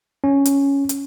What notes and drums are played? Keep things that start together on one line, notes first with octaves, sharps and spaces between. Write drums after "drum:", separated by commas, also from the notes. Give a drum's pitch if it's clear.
C#4
drum: hi-hat
drum: hi-hat